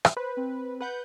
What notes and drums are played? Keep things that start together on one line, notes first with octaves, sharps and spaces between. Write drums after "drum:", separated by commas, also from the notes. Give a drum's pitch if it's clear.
drum: rim click
B4 C5
C4
B4 F#5 G6